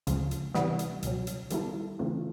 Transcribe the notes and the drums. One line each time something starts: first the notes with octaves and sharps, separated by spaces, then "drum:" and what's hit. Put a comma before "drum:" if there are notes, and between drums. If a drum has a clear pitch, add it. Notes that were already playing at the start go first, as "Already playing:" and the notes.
D2 C#3 F3 G#3, drum: hi-hat
drum: hi-hat
C3 E3 G3 B3, drum: snare
drum: hi-hat
C#2 B2 F#3, drum: hi-hat
drum: hi-hat
D#3 G3 B3 E4 A4, drum: hi-hat
C#3 E3 A3 C4 F4